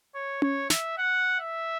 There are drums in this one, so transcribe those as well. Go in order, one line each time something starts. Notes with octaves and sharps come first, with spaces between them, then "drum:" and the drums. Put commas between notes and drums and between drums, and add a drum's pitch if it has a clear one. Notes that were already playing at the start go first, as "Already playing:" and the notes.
C#5
C#5, drum: tom C#4
E5, drum: snare
F#5
E5